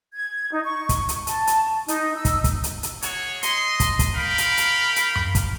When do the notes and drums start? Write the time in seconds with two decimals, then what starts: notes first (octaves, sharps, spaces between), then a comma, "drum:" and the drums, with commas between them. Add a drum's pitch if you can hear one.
0.14 G#6
0.52 D#4
0.64 C#6
0.89 drum: kick, hi-hat
1.09 drum: hi-hat
1.27 A5, drum: hi-hat
1.47 drum: hi-hat
1.88 D#4, drum: hi-hat
2.16 E6
2.25 drum: kick, hi-hat
2.44 drum: kick, hi-hat
2.64 drum: hi-hat
2.83 drum: hi-hat
3.02 F#4 G#4 C#5, drum: hi-hat
3.43 D#5 C6, drum: hi-hat
3.80 drum: kick, hi-hat
3.99 drum: kick, hi-hat
4.15 A#4 F5 G5 B5
4.38 drum: hi-hat
4.57 drum: hi-hat
4.96 drum: hi-hat
5.15 drum: tom F#2
5.35 drum: kick, hi-hat